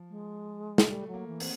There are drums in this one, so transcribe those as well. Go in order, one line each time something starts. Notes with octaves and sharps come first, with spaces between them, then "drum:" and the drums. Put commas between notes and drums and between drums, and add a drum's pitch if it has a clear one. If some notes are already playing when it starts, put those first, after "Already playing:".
Already playing: F3
G#3
drum: snare
G3 A3
F#3
A#3
E3
C4, drum: open hi-hat